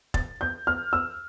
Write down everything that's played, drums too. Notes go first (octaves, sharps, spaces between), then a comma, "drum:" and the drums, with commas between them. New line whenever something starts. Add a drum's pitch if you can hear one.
A6, drum: kick F1
G6
F6
E6